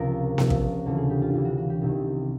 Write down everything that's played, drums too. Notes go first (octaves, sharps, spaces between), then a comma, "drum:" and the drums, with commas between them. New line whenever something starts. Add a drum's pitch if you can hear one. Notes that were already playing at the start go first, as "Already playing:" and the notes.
Already playing: C#2 C3 F3 A#4
C#2 C3 F3, drum: snare B3
drum: kick
D2 C#3 E3 A4
G#4
G4
F4
D2 C#3 E3 F4
F#4
F#4
G4
C2 C3 D#3